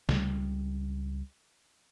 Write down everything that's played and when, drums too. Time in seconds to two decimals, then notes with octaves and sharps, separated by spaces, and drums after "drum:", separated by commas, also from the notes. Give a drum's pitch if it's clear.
0.09 C#2 G3, drum: snare